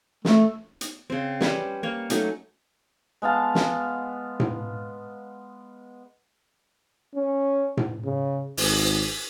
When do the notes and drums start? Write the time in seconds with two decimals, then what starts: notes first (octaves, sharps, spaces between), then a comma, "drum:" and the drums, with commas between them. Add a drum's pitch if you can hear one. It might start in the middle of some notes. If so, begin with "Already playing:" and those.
0.25 A3, drum: snare
0.81 drum: hi-hat
1.10 C#3 C4
1.41 G3 C#4 B4 C5, drum: snare
1.83 A#3 C#5
2.10 F#3 A3 C#4 D#4, drum: hi-hat
3.22 G#3 B3 F5 A5
3.55 drum: snare
4.40 drum: tom A2
7.15 C#4
7.77 drum: tom A2
8.05 C#3
8.57 G#1, drum: open hi-hat